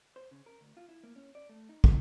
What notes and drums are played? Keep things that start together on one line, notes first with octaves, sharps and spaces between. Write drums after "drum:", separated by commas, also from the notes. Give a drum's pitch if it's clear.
C5
C#3
A#4
D2
F4
E4
A#3
C#4
D5
A3
D#4
D3, drum: kick